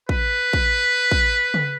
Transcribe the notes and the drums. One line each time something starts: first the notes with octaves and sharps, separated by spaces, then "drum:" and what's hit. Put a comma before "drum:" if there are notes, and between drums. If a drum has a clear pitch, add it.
B4, drum: kick
drum: kick
drum: kick
drum: tom C#3